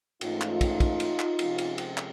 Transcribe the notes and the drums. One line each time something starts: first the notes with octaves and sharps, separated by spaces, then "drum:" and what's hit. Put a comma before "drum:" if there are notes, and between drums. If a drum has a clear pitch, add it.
G#2 E3 A3 C#4 D#4 F4, drum: cymbal
drum: clap
drum: kick, cymbal
drum: kick, cymbal
drum: cymbal
drum: clap
C3 F3 G#3 C#4, drum: cymbal
drum: cymbal
drum: cymbal
drum: clap